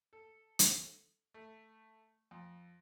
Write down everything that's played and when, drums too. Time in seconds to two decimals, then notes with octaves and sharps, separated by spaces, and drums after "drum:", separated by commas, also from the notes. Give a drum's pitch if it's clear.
0.13 A4
0.59 drum: hi-hat
1.34 A3
2.31 F2